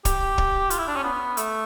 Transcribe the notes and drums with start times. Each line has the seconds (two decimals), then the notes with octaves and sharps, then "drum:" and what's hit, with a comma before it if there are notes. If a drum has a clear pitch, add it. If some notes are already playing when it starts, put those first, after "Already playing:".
0.05 G4, drum: kick, hi-hat
0.38 drum: kick
0.70 F4, drum: hi-hat
0.79 E4
0.88 D4
0.96 C#4
1.04 B3
1.37 A3, drum: hi-hat